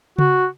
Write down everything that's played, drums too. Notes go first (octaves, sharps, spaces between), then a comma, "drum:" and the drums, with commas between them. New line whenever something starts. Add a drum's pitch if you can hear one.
F#4, drum: tom C#3